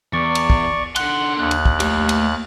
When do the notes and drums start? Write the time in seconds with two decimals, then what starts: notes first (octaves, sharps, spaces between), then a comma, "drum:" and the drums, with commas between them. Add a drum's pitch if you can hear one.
0.13 E2 D5 C#6
0.35 drum: cymbal
0.50 drum: kick
0.96 D3 F#5 C6 F#6, drum: cymbal
1.38 D#2 F#6
1.51 drum: cymbal
1.66 drum: kick
1.80 A3 G4, drum: cymbal
2.09 drum: cymbal